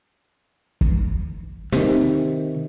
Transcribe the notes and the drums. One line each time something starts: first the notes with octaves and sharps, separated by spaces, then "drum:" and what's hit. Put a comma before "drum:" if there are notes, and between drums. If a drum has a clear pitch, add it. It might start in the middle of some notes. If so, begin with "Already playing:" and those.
drum: kick
C3 D#3, drum: snare